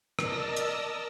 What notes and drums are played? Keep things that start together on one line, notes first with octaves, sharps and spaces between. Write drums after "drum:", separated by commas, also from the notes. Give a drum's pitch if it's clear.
A#4 D5 D#5 A5 E6 A#6, drum: rim click
drum: hi-hat